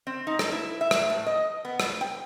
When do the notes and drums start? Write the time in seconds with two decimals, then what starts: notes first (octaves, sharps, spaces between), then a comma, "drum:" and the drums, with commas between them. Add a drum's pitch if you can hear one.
0.07 C4
0.27 D#4
0.39 A4, drum: rim click
0.52 E4
0.81 E5
0.91 drum: rim click
1.10 A2
1.26 D#5
1.65 B3
1.80 drum: rim click
2.01 G5